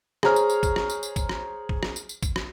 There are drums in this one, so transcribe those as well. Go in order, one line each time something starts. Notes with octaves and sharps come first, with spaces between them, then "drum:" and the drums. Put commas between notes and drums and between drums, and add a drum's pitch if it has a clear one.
G#4 C5 C#5 A#5 F6, drum: rim click
drum: tambourine
drum: tambourine
drum: kick, tambourine
drum: rim click
drum: tambourine
drum: tambourine
drum: kick, tambourine
drum: rim click
drum: kick
drum: rim click
drum: tambourine
drum: tambourine
drum: kick, tambourine
drum: rim click